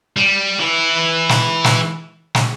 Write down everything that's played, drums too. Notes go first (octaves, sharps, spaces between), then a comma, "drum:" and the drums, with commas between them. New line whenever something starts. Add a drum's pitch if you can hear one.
G3
E3 E4
drum: snare
drum: snare
drum: snare